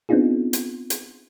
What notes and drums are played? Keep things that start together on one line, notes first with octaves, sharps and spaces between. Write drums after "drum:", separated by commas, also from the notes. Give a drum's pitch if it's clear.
B3 C4 D4 D#4 F4 G#4
drum: hi-hat
drum: hi-hat